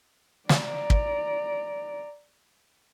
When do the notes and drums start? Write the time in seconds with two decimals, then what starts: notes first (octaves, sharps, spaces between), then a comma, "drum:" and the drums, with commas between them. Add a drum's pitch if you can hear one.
0.49 D5 A#5, drum: snare
0.90 drum: kick